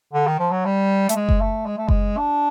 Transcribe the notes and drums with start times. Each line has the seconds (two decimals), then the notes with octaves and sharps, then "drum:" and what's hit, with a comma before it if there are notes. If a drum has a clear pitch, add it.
0.13 D3
0.27 D#3
0.39 F3
0.51 F#3
0.65 G3
1.09 A3, drum: hi-hat
1.16 G#3
1.29 drum: kick F#1
1.41 A3
1.66 G#3
1.77 A3
1.88 G#3, drum: kick F#1
2.17 D4